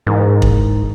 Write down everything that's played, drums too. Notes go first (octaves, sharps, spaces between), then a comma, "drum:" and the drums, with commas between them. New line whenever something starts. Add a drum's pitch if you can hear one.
G#2 E3 D#4 A#4
drum: kick